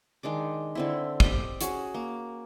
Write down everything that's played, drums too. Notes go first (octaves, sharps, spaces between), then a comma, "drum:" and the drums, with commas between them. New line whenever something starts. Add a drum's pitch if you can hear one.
D#3 G#3 D4 D6
D3 C4 E4
G4 D5 D#5, drum: kick
C#4 F#4 G#4, drum: hi-hat
A#3